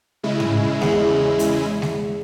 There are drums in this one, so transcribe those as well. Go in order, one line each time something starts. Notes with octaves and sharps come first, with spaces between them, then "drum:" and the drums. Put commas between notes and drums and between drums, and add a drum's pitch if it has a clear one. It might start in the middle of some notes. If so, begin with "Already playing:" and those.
C#3 G#3 E4
drum: tom G#2
E2, drum: snare G#3
drum: hi-hat
drum: snare G#3